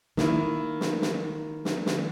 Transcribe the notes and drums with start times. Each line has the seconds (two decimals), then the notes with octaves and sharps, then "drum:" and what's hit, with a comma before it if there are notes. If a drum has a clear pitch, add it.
0.17 D#3 A#3 E4, drum: snare
0.81 drum: snare
1.02 drum: snare
1.65 drum: snare
1.86 drum: snare